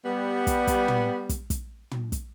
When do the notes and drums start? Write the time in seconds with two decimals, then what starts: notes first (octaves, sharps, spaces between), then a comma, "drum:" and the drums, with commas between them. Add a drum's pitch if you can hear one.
0.05 G3 B3
0.47 drum: kick, hi-hat
0.67 drum: kick, hi-hat
0.88 drum: tom
1.29 drum: kick, hi-hat
1.50 drum: kick, hi-hat
1.91 drum: tom
2.12 drum: kick, hi-hat